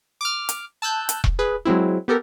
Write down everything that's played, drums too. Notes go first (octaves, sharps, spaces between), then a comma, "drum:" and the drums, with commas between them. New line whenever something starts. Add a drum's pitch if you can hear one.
D6 F6
drum: hi-hat
A5 E6 F#6 G6
drum: hi-hat
drum: kick E1
G#4 B4
F#3 G#3 C4 E4
B3 G4 A4 A#4